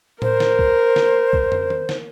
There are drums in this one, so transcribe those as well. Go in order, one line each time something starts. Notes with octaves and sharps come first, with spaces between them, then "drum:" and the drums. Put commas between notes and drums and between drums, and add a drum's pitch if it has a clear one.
A#4 C5, drum: tom A2
drum: snare
drum: kick
drum: snare
drum: kick
drum: tom
drum: tom D#3
drum: snare